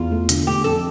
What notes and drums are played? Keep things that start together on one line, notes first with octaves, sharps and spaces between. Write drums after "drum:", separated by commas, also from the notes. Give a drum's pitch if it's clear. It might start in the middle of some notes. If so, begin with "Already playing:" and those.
Already playing: E2 F4
A3
D3, drum: hi-hat
A3 G4
F2 A4